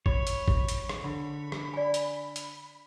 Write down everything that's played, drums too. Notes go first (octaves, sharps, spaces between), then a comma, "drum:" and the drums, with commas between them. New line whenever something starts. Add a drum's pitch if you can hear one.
C#5 B5, drum: kick G#1
drum: hi-hat
drum: kick G#1
drum: hi-hat
drum: rim click
D3 B5
drum: rim click
D5 G#5
drum: hi-hat
drum: hi-hat